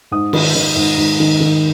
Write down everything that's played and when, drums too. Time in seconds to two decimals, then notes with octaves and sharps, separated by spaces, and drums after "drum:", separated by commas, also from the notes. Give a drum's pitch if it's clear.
0.11 G#2 D#6
0.33 D#3, drum: cymbal
0.55 D#3
0.76 G#2
0.98 G#2
1.20 D#3
1.40 D#3